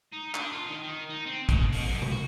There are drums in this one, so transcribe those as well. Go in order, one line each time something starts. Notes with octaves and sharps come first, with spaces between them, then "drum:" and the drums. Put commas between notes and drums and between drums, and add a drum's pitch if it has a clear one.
D#4
D4, drum: clap
F4
D#3
D#3
D#4
C4
C#3, drum: kick, hi-hat
B2, drum: open hi-hat
F#2
drum: tom C3
F#4